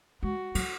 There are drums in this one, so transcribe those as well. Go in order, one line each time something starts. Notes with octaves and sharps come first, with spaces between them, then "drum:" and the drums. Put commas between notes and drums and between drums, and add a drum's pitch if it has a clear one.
G#3 F#4
F#3, drum: cymbal